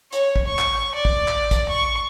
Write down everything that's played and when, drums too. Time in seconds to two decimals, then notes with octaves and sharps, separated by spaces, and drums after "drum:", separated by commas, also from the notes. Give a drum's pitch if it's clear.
0.12 C#5, drum: hi-hat
0.36 drum: kick
0.47 C#6
0.59 drum: clap
0.95 D5
1.05 drum: kick
1.28 drum: clap
1.51 drum: kick, hi-hat
1.69 C#6